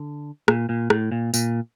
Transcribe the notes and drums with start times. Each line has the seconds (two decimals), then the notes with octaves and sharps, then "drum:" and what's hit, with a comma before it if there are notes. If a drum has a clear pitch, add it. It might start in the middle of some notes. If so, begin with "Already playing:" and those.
Already playing: D3
0.48 A#2, drum: rim click
0.69 A#2
0.90 A2, drum: rim click
1.12 A#2
1.34 A#2, drum: tambourine